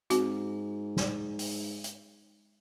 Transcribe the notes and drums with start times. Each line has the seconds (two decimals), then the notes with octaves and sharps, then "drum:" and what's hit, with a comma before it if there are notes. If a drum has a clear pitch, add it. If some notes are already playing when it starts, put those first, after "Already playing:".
0.10 G#2 C4 F#4, drum: hi-hat
0.97 drum: snare
1.39 drum: open hi-hat
1.84 drum: hi-hat